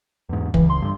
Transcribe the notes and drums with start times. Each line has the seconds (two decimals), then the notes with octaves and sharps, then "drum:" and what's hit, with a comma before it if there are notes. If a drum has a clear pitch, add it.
0.29 E2 G#2
0.54 C#2 E3, drum: kick
0.70 C6
0.82 G2 D3